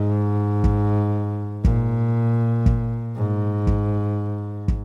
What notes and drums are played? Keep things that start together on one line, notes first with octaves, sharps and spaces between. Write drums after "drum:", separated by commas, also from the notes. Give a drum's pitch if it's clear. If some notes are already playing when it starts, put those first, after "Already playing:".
Already playing: G#2
drum: kick
A#2, drum: kick
drum: kick
G#2
drum: kick
drum: kick